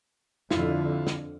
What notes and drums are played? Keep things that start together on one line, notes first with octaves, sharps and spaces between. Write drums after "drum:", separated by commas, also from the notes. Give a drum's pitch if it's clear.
F2 D3 E4 F4, drum: snare
drum: snare